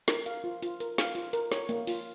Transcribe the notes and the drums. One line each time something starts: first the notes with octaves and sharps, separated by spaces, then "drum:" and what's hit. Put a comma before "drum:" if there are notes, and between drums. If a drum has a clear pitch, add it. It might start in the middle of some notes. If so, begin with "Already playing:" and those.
A#4, drum: snare
F5, drum: hi-hat
F4
F4, drum: hi-hat
A#4, drum: hi-hat
F5, drum: snare
F4, drum: hi-hat
A#4, drum: hi-hat
C#5, drum: snare
A#3, drum: hi-hat
F4, drum: open hi-hat